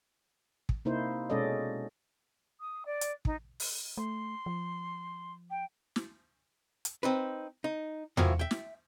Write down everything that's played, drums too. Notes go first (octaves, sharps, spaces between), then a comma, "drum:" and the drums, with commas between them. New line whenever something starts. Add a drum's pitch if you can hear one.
drum: kick
C3 A#3 D#4 E4 C5
B2 G#3 C#4 A4 D5 D#5
D#6
D5
drum: hi-hat
D#4, drum: kick
drum: open hi-hat
A3 C6
F3
G5
drum: snare
drum: hi-hat
C4 D#4 B4
D#4
A2 E3 F3 F#4 A#4, drum: tom E2
E5 G5
drum: snare